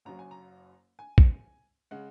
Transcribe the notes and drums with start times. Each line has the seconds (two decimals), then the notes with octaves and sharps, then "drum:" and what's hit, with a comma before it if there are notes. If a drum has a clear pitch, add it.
0.05 F#1 F#2 F#3 A#5
0.19 G#5
0.31 A#5
0.99 G#5
1.18 drum: kick
1.91 C#3 G#3 F#5